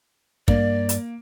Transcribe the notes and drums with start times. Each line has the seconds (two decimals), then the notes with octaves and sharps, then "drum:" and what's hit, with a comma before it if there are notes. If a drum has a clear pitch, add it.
0.48 G2 A#3 D5, drum: kick
0.89 drum: hi-hat